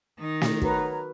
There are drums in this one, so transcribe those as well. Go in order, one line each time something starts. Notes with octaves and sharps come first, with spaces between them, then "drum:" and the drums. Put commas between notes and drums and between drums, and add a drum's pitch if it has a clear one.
D#3 D#4
drum: snare
F#4 A#4 B4 C#5 A#5, drum: kick